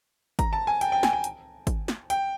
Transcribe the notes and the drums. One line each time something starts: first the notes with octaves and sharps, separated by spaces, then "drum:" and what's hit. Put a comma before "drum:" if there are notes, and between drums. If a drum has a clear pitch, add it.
A#5, drum: kick, hi-hat
A5
G#5
G5, drum: hi-hat
G5
G#5, drum: snare
G5
drum: hi-hat
drum: kick, hi-hat
drum: snare
G5, drum: hi-hat